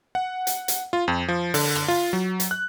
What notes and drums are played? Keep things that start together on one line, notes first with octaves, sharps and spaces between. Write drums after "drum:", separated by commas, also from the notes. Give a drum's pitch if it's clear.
F#5
drum: hi-hat
drum: hi-hat
F4
F2
F3
D3, drum: open hi-hat
drum: rim click
F4
F#3
drum: hi-hat
F#6